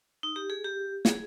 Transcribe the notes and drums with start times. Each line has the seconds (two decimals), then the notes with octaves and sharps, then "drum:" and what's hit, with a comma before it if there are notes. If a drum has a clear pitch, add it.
0.23 D#4
0.36 G4
0.50 G#4
0.64 G4
1.05 G#4, drum: snare